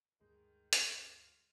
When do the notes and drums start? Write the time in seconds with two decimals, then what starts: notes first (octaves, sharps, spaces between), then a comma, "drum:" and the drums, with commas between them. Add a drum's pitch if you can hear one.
0.21 D2 G2 D#3 G#3 G6
0.73 drum: hi-hat
0.86 F4